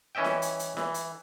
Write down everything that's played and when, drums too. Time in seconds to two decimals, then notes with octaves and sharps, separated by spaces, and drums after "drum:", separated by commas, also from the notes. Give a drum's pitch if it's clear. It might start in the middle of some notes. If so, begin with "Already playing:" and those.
0.15 E3 C#4 D#5 E5 G5
0.24 drum: snare E4
0.42 drum: hi-hat
0.59 drum: hi-hat
0.77 E3, drum: snare E4
0.94 drum: hi-hat